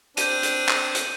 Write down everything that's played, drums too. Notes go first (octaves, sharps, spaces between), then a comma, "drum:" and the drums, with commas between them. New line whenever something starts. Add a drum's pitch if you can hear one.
C4 D4 G6 D#7, drum: hi-hat
drum: hi-hat
drum: clap
drum: hi-hat